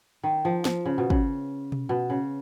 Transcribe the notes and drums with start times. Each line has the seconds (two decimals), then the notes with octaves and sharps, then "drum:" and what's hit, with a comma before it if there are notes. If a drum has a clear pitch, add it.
0.23 D#3
0.45 F3
0.65 F3, drum: snare
0.85 C#3
0.98 B2
1.10 C#3, drum: kick
1.72 drum: tom B2
1.89 B2
2.10 C#3